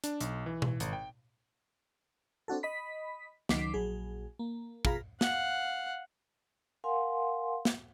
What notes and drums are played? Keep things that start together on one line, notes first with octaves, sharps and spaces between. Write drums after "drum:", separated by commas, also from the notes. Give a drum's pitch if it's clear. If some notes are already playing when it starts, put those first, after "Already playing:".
D4, drum: hi-hat
B1, drum: hi-hat
E3
drum: tom B2
G#1, drum: hi-hat
G5
C4 D4 F#4 A4
D#5 B5 B6
C#2 D#3 F#3 D6 B6 C7, drum: snare
A#1 F#3 G#4
A#3
B2 F4 G#4 F5 A#5 B5, drum: kick
F5 F#5, drum: snare
A#4 F5 F#5 G#5 C6
drum: snare